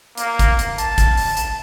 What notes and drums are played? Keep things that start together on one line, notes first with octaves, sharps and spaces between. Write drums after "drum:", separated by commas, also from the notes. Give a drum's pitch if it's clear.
A#3, drum: hi-hat
drum: kick, hi-hat
drum: hi-hat
A5, drum: hi-hat
drum: kick, hi-hat
drum: open hi-hat
drum: hi-hat